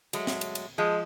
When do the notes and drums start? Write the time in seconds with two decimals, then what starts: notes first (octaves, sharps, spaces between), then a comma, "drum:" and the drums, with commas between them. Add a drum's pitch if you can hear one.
0.13 F#3 G#3 A3, drum: cymbal
0.27 drum: snare
0.41 drum: cymbal
0.55 drum: cymbal
0.78 F3 G#3